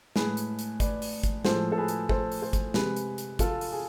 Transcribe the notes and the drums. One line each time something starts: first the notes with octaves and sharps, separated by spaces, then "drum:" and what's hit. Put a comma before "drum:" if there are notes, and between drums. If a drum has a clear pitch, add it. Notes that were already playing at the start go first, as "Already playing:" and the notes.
A2 G#3 G#4 B4, drum: snare
drum: hi-hat
drum: hi-hat
B4 D5, drum: kick, hi-hat
drum: open hi-hat
drum: kick, hi-hat
A2 F3 G#3 A4 C5, drum: snare
A4
G#4 B4
drum: hi-hat
A4 C5, drum: kick
drum: open hi-hat
A4 C5
drum: kick, hi-hat
C3 G#3 G#4 B4, drum: snare
drum: hi-hat
drum: hi-hat
F4 A4, drum: kick, hi-hat
drum: open hi-hat
G#4